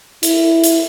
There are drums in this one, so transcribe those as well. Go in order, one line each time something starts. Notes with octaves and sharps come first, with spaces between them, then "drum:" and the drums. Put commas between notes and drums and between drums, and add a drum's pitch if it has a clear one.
E4, drum: hi-hat
drum: hi-hat